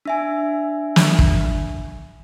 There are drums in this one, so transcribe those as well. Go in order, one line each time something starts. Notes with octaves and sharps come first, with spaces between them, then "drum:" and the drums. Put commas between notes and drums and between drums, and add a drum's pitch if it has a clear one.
D4 E5 G#5
drum: snare
drum: kick